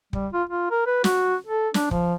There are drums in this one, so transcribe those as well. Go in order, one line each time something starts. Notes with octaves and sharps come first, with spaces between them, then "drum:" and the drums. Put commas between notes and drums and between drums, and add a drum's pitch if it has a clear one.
G3, drum: kick
F4
F4
A#4
B4
F#4, drum: snare
A4
D4, drum: snare
F3, drum: kick